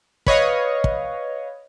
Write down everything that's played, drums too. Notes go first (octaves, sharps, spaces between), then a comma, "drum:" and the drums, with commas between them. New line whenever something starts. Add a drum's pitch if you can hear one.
B4 C#5 D#5 F5, drum: kick
drum: kick